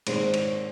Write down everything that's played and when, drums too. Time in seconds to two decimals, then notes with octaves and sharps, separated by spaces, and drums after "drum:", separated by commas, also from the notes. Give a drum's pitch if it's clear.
0.07 G#2 D#3 G#3 C4 C5, drum: cymbal
0.34 C#5, drum: cymbal